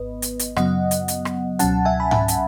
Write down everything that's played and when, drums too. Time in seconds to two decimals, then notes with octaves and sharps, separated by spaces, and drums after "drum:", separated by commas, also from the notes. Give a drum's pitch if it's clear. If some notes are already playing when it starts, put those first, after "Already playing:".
Already playing: G#1 G#2 B3 B4 D#5
0.22 drum: hi-hat
0.39 drum: hi-hat
0.56 F#2 C#3 F#3 B3 D#5 F#5, drum: rim click
0.91 drum: hi-hat
1.08 drum: hi-hat
1.25 drum: rim click
1.59 C#2 B2 F#3 C#4 F#5 A5, drum: hi-hat
1.85 E5 G#5
2.00 B5
2.11 F#5 A5, drum: tom G#2
2.28 drum: hi-hat